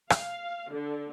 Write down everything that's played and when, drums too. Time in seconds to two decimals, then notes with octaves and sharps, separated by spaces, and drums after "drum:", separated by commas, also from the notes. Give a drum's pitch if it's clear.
0.10 F5, drum: rim click
0.70 D3